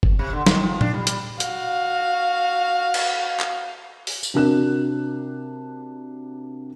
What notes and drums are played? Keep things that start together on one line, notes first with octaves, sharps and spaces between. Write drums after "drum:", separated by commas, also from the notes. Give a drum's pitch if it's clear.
drum: kick G1
C3
D3
D#3, drum: snare G3
F3
D4, drum: tom A#2
G3
G3, drum: hi-hat
F#4 F5, drum: hi-hat
drum: cymbal
drum: clap
drum: open hi-hat
drum: tambourine
C3 D4 F#4 A#4 F#6 E7